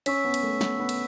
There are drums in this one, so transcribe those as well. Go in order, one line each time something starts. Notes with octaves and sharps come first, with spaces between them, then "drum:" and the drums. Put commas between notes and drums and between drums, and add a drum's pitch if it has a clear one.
C#4 C#6 E6 B6, drum: cymbal
B3
drum: cymbal
A3
B3, drum: snare
B3
drum: cymbal